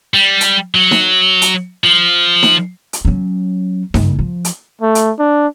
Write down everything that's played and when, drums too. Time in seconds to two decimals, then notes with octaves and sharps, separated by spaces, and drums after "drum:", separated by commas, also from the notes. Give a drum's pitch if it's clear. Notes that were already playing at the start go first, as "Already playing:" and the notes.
0.14 G3
0.41 drum: hi-hat
0.75 F#3
0.91 drum: snare D#4
1.42 drum: hi-hat
1.84 F3
2.43 drum: snare D#4
2.93 drum: hi-hat
3.05 F#3 C#4
3.94 F#1 G2, drum: snare D#4
4.19 F3
4.45 drum: hi-hat
4.81 A3
4.95 drum: hi-hat
5.19 D4